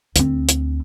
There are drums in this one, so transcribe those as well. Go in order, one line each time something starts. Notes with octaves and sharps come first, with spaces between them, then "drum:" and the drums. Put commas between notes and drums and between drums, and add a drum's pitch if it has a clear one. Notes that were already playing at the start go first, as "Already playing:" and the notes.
D2 C4, drum: hi-hat
drum: hi-hat